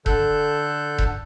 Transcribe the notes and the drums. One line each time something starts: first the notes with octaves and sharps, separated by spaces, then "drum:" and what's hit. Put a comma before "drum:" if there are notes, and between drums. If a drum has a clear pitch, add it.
D3 A4 F#6 G6, drum: kick E1
drum: kick E1